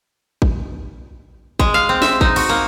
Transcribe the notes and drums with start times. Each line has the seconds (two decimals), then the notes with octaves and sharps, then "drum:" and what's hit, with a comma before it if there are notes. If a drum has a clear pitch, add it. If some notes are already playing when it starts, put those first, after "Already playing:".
0.42 drum: kick
1.60 G#3, drum: kick
1.74 F5
1.89 C4
2.02 E5, drum: snare
2.21 D#4, drum: kick
2.36 F#4, drum: cymbal
2.49 A#3